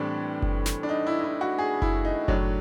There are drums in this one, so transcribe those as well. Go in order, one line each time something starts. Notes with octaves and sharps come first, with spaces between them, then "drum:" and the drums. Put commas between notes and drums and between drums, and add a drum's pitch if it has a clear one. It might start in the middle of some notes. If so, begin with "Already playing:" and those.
Already playing: A2 E3 G3 C4 D4
drum: kick F#1
drum: snare
D4
D#4
E4
D#4
E4
F#4
G#4
E4, drum: kick F#1
D#4
A2 F#3 D4, drum: kick F#1